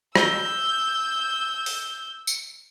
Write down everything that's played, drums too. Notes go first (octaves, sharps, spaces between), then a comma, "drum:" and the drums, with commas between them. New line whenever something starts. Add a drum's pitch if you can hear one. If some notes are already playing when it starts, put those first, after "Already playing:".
E6 G6, drum: rim click
drum: open hi-hat
drum: tambourine